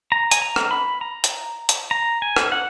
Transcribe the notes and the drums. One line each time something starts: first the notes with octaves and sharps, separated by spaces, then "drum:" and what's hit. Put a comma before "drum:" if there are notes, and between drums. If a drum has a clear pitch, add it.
A#5
G#5, drum: hi-hat
A#5
drum: rim click
B5
A#5
drum: hi-hat
drum: hi-hat
A#5
G#5
drum: rim click
F#5